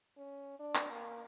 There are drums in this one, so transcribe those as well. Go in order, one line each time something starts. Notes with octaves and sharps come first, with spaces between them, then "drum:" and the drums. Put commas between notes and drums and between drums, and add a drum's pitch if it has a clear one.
C#4
D4
drum: clap
A#3